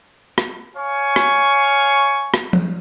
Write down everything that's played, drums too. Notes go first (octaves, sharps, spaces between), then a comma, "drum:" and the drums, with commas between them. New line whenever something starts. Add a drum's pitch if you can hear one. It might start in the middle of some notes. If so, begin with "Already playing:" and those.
drum: rim click
C#5 F5 G#5 C#6
drum: rim click
drum: rim click
drum: tom F3